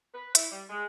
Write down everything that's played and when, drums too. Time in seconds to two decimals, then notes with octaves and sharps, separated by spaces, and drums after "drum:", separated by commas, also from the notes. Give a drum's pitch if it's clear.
0.14 B4
0.35 E4, drum: hi-hat
0.51 G3
0.70 G#3